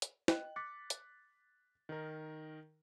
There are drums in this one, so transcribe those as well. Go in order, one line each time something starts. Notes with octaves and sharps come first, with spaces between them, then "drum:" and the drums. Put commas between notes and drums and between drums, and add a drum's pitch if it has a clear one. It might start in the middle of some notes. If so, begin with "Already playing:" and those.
drum: hi-hat
D#5 G5 F#6, drum: snare
D6 F#6 A6 B6 C#7
drum: hi-hat
D#3 D#4 A#4